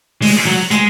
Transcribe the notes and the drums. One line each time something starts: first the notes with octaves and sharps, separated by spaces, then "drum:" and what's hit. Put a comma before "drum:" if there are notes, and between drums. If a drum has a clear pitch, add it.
G#3, drum: open hi-hat
F#3
G#3, drum: hi-hat